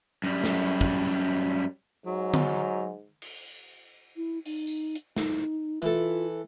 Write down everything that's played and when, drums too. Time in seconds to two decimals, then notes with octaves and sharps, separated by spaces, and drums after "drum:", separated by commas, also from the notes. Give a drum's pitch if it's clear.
0.24 F#2 G3
0.44 drum: snare
0.81 drum: kick
2.06 G#2 F#3
2.34 drum: tom D3
3.22 drum: cymbal
4.16 E4
4.46 D#4, drum: open hi-hat
4.67 drum: tambourine
4.95 drum: hi-hat
5.16 D#4, drum: snare
5.82 E3 F4 A4, drum: hi-hat